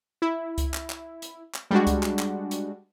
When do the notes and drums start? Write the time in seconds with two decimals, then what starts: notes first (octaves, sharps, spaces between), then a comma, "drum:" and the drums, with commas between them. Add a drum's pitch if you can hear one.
0.22 E4
0.58 drum: kick C#2, hi-hat
0.74 drum: clap
0.90 drum: clap
1.22 drum: hi-hat
1.54 drum: clap
1.71 G3 G#3 D4 F#4
1.87 drum: kick C#2, hi-hat
2.03 drum: clap
2.19 drum: clap
2.51 drum: hi-hat